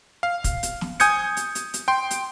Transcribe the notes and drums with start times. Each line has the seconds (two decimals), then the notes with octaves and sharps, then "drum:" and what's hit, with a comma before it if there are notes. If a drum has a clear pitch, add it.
0.23 F5
0.44 drum: kick, hi-hat
0.63 drum: hi-hat
0.81 drum: snare
1.00 G#5 D#6 G6 G#6 C#7, drum: hi-hat
1.37 drum: hi-hat
1.55 drum: hi-hat
1.74 drum: hi-hat
1.88 G5 C6
2.11 drum: hi-hat